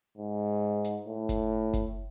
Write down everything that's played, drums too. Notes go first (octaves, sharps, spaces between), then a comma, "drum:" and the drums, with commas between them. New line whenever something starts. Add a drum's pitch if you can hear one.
G#2
drum: hi-hat
A2
drum: kick F#1, hi-hat
drum: kick F#1, hi-hat